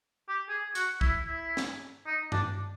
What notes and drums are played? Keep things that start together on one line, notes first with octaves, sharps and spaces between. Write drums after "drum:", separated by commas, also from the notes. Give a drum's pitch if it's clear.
G4
G#4
F#4, drum: hi-hat
E4, drum: kick
E4
drum: snare
D#4
D4, drum: tom G2